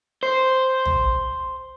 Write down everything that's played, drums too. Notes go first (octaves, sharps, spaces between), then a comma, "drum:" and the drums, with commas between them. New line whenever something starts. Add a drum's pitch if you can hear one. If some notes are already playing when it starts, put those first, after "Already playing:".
C5
drum: tom